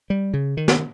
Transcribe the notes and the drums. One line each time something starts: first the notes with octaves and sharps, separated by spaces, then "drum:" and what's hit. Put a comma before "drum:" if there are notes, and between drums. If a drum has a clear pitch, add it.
G3
C#3
D#3
drum: snare